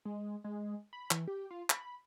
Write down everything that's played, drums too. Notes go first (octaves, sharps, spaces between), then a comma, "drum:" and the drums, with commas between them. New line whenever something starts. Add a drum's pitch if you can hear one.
G#3
G#3
B5
E3, drum: clap
G4
F4
B5, drum: clap